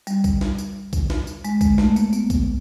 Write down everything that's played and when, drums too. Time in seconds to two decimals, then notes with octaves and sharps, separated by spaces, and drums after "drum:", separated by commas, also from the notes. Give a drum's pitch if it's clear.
0.07 G3, drum: tambourine
0.24 drum: kick A#1, tambourine
0.41 drum: snare
0.58 drum: tambourine
0.93 drum: kick A#1, tambourine
1.10 drum: snare
1.27 drum: tambourine
1.44 G#3, drum: tambourine
1.61 G#3, drum: kick A#1, tambourine
1.78 A3, drum: snare
1.96 A#3, drum: tambourine
2.13 B3, drum: tambourine
2.30 drum: kick A#1, tambourine